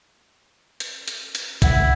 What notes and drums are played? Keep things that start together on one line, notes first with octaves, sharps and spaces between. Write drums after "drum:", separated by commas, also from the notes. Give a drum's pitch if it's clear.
drum: hi-hat
drum: hi-hat
drum: hi-hat
E4 E5 F#5, drum: kick B1, hi-hat